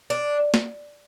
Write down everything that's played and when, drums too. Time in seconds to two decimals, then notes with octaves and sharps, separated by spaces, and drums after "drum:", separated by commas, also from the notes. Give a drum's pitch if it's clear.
0.10 D4
0.54 drum: snare